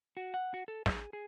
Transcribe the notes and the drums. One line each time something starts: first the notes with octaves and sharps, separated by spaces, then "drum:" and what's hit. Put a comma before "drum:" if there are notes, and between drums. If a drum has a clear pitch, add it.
F#4
F#5
F#4
A4
G#4, drum: snare
G#4